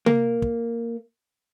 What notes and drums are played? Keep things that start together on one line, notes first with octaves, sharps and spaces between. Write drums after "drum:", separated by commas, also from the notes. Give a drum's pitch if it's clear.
A#3, drum: tom C3
drum: kick